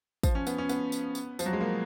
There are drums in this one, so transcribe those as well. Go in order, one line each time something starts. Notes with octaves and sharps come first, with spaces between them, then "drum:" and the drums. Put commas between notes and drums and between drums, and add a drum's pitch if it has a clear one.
F3, drum: kick, tambourine
C#4
B3, drum: tambourine
C#4
B3, drum: tambourine
drum: tambourine
drum: tambourine
F3, drum: tambourine
F#3
G#3
A#3